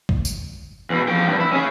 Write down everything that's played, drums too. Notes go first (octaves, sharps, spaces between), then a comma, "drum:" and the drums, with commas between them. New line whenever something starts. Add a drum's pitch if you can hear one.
drum: kick
drum: tambourine
E2 B2
F3 G5
E2 G2
E4
C#4 G#4